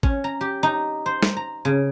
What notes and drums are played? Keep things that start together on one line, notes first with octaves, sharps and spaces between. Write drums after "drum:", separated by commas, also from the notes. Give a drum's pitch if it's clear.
C#4, drum: kick
A#5
G4
D#4
C5
drum: snare
A#5
C#3